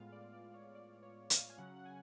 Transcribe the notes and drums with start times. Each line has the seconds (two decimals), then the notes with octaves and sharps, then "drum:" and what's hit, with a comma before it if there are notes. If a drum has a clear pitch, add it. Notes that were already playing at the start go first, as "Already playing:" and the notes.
Already playing: A2 G#3 B3 F4 F5
0.12 D5
0.33 D5
0.54 C#5
0.75 D5
1.03 C#5
1.30 F5, drum: hi-hat
1.50 G#5
1.58 C#3 F#3 C#4 F#5
1.76 F#5
1.85 G#5